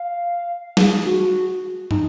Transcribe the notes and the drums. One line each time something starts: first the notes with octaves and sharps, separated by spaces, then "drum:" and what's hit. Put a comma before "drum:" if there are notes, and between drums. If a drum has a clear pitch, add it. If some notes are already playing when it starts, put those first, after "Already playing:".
Already playing: F5
G#4, drum: snare
F#4
D#4, drum: tom